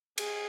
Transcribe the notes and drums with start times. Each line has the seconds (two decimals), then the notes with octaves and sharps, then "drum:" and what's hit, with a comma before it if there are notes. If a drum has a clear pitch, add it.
0.18 G#4, drum: cymbal